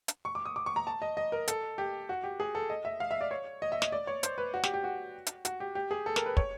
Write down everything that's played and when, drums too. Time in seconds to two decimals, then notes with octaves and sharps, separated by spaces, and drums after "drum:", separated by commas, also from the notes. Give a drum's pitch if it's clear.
0.08 drum: hi-hat
0.25 C#6
0.35 D6
0.45 D#6
0.56 D6
0.66 C#6
0.76 A#5
0.87 A5
1.02 D#5
1.17 D#5
1.32 A#4
1.48 A4, drum: hi-hat
1.78 G4
2.09 F#4
2.24 G4
2.40 G#4
2.55 A4
2.70 D#5
2.85 E5
3.00 F5
3.11 E5
3.21 D5
3.31 C#5
3.62 D#5
3.72 E5
3.82 D#5, drum: snare
3.92 D5
4.07 C#5
4.23 C5, drum: hi-hat
4.38 B4
4.54 F#4
4.64 G4, drum: snare
4.74 G4
4.84 F#4
5.26 drum: hi-hat
5.45 F#4, drum: hi-hat
5.60 G4
5.75 G4
5.91 G#4
6.06 A4
6.16 A#4, drum: snare
6.26 B4
6.37 C#5, drum: kick